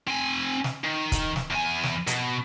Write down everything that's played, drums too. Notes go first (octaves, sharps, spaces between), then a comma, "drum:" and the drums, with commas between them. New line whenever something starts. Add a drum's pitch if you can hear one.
C4 G#5
drum: snare
D#3
drum: kick, hi-hat
drum: snare
E2 G#5
drum: snare
B2, drum: hi-hat